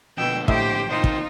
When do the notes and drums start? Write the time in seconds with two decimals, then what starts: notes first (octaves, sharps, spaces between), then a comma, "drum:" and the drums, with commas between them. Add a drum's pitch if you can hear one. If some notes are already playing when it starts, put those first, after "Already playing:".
0.18 F2 B2 D3 G5 E6
0.48 A2 G4 C5 D#5 E5 G5, drum: kick
0.89 C3 D#3 D#4 F4 C5
1.04 drum: kick